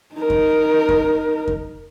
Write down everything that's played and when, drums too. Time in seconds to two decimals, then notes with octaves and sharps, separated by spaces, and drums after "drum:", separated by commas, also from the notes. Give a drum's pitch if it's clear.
0.15 D#4 A#4
0.30 drum: kick F2
0.89 drum: kick F2
1.48 drum: kick F2